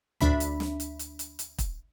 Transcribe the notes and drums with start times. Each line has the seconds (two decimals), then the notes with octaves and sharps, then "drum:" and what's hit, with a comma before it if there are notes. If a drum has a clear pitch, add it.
0.21 D2 D4 E5 B5 B6, drum: tom
0.40 drum: hi-hat
0.60 drum: snare
0.80 drum: hi-hat
0.99 drum: hi-hat
1.19 drum: hi-hat
1.39 drum: hi-hat
1.58 drum: kick, hi-hat